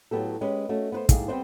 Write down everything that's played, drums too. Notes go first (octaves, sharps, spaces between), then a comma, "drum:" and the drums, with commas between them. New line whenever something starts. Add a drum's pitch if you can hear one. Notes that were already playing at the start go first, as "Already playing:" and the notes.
A2 F#3 B3 G4 A4
G#3 C#4 G4 B4
A3 C#4 F#4
B3 B4 C5
D#2 G#2 E4 G#4, drum: kick, hi-hat
G3 B3 C4 D4 C5